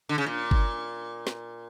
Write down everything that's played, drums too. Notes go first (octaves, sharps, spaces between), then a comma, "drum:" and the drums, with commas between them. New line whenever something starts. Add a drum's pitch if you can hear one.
D3
C#3
A#2
drum: kick G1
drum: snare